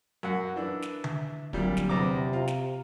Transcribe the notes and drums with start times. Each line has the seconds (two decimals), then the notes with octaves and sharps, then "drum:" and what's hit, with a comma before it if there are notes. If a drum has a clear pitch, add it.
0.23 F#2 A#4 F5 F#5
0.56 E3 D4
0.82 drum: snare
1.04 E5, drum: tom D3
1.53 A#2 D3 F#3 G3 A#3 C4, drum: kick
1.77 drum: snare
1.89 E2 C3 A#5 D6
2.33 F4 A#5
2.48 drum: snare